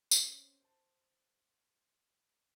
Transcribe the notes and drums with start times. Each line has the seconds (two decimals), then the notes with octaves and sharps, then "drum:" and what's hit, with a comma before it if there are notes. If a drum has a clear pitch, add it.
0.11 C4 C#4, drum: tambourine
0.60 C5 A5